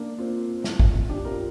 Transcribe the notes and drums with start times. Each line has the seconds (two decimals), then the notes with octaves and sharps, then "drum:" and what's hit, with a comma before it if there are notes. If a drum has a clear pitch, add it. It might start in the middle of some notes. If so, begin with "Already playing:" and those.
Already playing: A#3 D4
0.18 C4 F4
0.64 drum: snare
0.80 drum: kick
1.09 D4 G4
1.25 F4 A#4